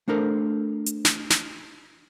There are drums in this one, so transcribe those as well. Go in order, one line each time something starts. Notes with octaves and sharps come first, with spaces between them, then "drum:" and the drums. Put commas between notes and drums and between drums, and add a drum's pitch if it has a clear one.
A3 D4 A4 A#4 C5
drum: hi-hat
drum: snare
drum: snare